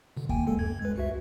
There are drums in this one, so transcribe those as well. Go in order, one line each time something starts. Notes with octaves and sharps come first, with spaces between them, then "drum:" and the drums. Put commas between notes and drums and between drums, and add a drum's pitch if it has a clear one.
B2 D3
A#3 G5 G#5, drum: kick D2
G#3 A#3 A4
F#2 G#6
G#3 B4
C#2 F#4 E5